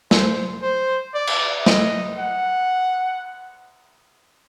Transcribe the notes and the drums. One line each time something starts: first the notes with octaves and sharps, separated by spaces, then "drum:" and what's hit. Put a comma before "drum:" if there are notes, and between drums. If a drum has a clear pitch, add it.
C5, drum: snare
C5
D5
drum: cymbal
D#5, drum: snare
F#5